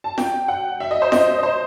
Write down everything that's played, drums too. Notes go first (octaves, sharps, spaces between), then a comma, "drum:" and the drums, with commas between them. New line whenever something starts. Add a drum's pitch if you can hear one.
A5
G5, drum: snare F4
F#5
E5
D#5
C5
D#5, drum: snare F4
D#5
C5